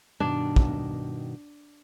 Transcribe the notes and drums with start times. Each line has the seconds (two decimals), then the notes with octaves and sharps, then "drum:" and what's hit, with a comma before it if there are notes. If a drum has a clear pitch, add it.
0.20 G2 B2 D#3 D4
0.56 drum: kick